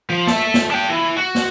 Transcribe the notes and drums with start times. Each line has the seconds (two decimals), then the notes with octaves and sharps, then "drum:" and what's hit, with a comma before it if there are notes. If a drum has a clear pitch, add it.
0.10 F3
0.27 A4 E5, drum: snare
0.54 drum: snare
0.70 D4 G5
0.89 E3
1.17 F#4
1.35 drum: snare